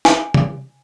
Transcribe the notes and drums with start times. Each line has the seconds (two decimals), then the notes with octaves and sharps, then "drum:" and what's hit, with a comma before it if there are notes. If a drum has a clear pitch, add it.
0.05 G#5, drum: snare
0.34 drum: tom C3